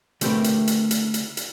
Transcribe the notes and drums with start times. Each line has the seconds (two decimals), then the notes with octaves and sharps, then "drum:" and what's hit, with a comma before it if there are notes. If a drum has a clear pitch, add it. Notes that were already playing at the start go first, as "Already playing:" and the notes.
0.21 D3 A3 C4 G4 A#4 B4, drum: hi-hat
0.44 drum: hi-hat
0.67 drum: hi-hat
0.91 drum: hi-hat
1.14 drum: hi-hat
1.37 drum: hi-hat